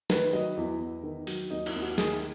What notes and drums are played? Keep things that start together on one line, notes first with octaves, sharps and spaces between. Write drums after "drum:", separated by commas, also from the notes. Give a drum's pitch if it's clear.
D#3 B4, drum: snare
F#3 D#5
E2 E4
E2
D#3
F#3, drum: open hi-hat
D#2 D#4
E4, drum: cymbal
D#2
F#4
D#3 G#4, drum: snare